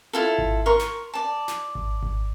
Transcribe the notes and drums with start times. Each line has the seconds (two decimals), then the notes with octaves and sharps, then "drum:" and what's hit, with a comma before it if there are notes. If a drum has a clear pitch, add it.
0.13 E4 F4 A4
0.38 drum: kick G#1
0.66 A#4 C6 C#6
0.79 drum: snare
1.14 D5 A5
1.48 drum: snare
1.75 drum: kick G#1
2.03 drum: kick G#1